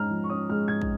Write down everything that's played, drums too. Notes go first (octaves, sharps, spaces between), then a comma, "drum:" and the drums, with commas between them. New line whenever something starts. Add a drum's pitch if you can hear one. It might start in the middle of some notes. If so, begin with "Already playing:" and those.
Already playing: G#2 G#3 C#4 A#5 F6
F3
C#6
C#4 D#6
G#3 F6
G#2 G#6
drum: kick